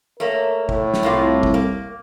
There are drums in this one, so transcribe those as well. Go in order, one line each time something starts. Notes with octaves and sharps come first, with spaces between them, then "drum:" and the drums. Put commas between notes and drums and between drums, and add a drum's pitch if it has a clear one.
A3 A#3 A#4 C#5
A2, drum: kick
drum: snare
C2 A#2 A#3 F4
drum: kick
A#3